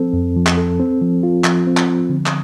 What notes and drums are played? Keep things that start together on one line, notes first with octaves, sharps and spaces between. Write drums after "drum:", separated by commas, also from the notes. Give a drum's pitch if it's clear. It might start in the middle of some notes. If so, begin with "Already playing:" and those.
Already playing: F3 C4 A4
F2
F3
drum: clap
A4
C4
F3
F4
F3, drum: clap
C4
drum: clap
F3
D3
drum: clap